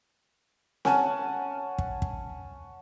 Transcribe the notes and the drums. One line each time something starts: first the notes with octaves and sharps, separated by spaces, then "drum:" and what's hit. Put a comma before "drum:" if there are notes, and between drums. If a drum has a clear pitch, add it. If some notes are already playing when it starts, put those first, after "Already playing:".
C#4 F#5 G#5 A5, drum: snare C4
drum: kick
drum: kick